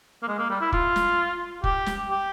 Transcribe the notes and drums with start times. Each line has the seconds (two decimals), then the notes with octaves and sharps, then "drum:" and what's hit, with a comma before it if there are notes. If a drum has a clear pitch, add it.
0.23 A#3
0.28 G#3
0.38 A#3
0.50 G3
0.61 E4
0.72 F4, drum: kick
0.96 drum: snare
1.64 G4, drum: kick
1.86 drum: snare
2.09 G4